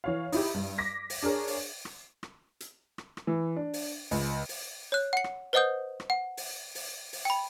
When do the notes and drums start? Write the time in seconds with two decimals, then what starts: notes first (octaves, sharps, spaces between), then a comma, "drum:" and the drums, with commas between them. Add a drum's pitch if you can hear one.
0.04 E3 C#5 F5
0.32 D#4 E4 G4, drum: open hi-hat
0.54 G2
0.78 D6 A#6 B6
1.10 drum: open hi-hat
1.23 D4 G#4 A#4 C#5
1.47 drum: open hi-hat
1.85 drum: rim click
2.23 drum: rim click
2.60 drum: hi-hat
2.98 drum: rim click
3.17 drum: rim click
3.27 E3
3.56 D4
3.74 drum: open hi-hat
4.11 C#2, drum: open hi-hat
4.49 drum: open hi-hat
4.92 C#5 F#6
5.13 F#5 C#7
5.24 drum: rim click
5.53 B4 C5 D#5 F#5 D#6 G6
6.00 drum: rim click
6.10 F#5
6.37 drum: open hi-hat
6.75 drum: open hi-hat
7.13 drum: open hi-hat
7.25 G5 B5